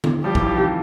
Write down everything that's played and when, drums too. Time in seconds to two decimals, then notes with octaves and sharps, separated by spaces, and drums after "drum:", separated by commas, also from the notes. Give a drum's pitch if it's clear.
0.04 drum: tom D3
0.24 F3 G3 G4
0.35 E3 F#3, drum: kick
0.47 D#3 F3
0.58 C3